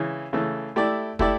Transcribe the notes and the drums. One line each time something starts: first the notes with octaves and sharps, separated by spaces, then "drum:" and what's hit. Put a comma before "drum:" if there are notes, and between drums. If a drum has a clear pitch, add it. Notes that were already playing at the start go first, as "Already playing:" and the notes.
Already playing: C#3 E3
C#3 E3 A3
A3 E4 G4 D5
A3 E4 G4 D5, drum: kick